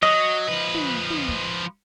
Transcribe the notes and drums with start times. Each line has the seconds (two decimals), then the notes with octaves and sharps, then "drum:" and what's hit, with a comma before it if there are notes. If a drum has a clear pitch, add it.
0.03 F#3 D#5
0.48 F3 B4
0.74 drum: tom
1.10 drum: tom
1.28 drum: kick